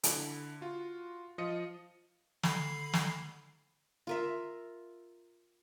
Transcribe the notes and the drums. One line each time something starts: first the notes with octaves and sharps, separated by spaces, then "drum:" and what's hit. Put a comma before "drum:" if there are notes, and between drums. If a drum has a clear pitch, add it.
D3 E4, drum: hi-hat
F4 F#4
F3 F4 D#5 F5 C#7 D#7
D3 B5 C7, drum: snare
drum: snare
F4 A#4 E5